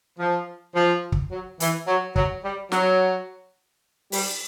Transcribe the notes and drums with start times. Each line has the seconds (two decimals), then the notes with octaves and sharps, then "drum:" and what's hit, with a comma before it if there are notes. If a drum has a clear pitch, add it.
0.19 F3
0.75 F3
1.12 drum: kick
1.31 F#3
1.60 E3, drum: hi-hat
1.88 F#3
2.16 F#3, drum: kick
2.44 G3
2.72 F#3, drum: snare
4.12 G3, drum: open hi-hat